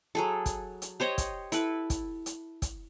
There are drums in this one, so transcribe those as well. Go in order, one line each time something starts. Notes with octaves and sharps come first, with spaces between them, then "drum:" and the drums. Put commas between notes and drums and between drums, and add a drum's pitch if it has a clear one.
F#3 G#4 A4
drum: kick, hi-hat
drum: hi-hat
G4 C5 C#5 D#5
drum: kick, hi-hat
E4 A4 B4, drum: hi-hat
drum: kick, hi-hat
drum: hi-hat
drum: kick, hi-hat